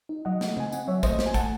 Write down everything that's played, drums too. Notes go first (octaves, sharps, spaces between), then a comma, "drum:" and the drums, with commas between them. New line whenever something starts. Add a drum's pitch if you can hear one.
D#4
F#3 D#5 F#5
A3, drum: snare
C4 G#5, drum: tom C#3
C4 F#5, drum: tambourine
F#3 C#5 E5
A3 C5 D#5, drum: kick, tambourine
A3, drum: snare
G#5
A3 F#5 A5, drum: kick, tambourine